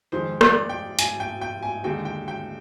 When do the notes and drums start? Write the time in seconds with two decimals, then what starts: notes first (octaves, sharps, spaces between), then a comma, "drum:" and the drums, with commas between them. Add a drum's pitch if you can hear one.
0.12 F2 D#3 G#3 C5
0.41 D5, drum: rim click
0.69 G5
0.99 G#5, drum: hi-hat
1.20 G5
1.41 G5
1.63 G#5
1.84 D#2 D3 G#3 G5
2.05 G5
2.28 G5